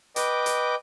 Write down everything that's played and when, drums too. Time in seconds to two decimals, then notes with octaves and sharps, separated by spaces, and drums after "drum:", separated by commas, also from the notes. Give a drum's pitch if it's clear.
0.16 B4 D#5 G5 D6, drum: hi-hat
0.46 drum: hi-hat